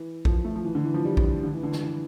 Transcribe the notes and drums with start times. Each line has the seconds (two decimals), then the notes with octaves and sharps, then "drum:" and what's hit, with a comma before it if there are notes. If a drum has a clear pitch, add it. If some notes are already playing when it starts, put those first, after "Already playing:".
Already playing: E3
0.25 F3, drum: kick A#1
0.45 A3
0.55 F3
0.65 E3
0.75 D3
0.84 E3
0.94 F3
1.05 G3
1.17 drum: kick A#1
1.43 D3
1.53 E3
1.63 D3
1.72 E3, drum: snare
1.83 E3